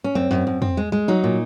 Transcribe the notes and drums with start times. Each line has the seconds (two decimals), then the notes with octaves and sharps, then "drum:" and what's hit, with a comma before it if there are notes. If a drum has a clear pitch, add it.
0.04 C#4
0.15 F#2 C4
0.31 F#2
0.47 F#2
0.62 C4, drum: tom
0.77 G#3
0.92 G#3
1.08 F#3 D#4
1.24 A#2